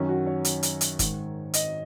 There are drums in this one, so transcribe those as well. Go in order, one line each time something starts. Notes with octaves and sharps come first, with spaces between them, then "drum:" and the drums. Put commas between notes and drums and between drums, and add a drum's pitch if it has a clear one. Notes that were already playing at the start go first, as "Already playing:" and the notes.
Already playing: F#2 D#3 C#4
F#4
C#5
drum: hi-hat
drum: hi-hat
drum: hi-hat
G#2 D#3, drum: kick F#1, hi-hat
D#5, drum: hi-hat